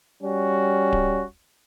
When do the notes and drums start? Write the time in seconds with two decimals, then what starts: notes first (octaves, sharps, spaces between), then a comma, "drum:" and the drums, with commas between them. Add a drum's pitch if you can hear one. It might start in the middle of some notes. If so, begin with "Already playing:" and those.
0.23 G3 C#4 F#4
0.93 drum: kick D1